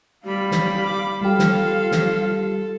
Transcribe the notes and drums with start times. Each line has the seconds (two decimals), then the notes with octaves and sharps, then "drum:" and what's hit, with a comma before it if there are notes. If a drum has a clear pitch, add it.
0.25 G3 F5 B5
0.51 drum: snare
0.86 D6
1.21 G3 F4 G4 A4 F5
1.39 drum: snare
1.92 drum: snare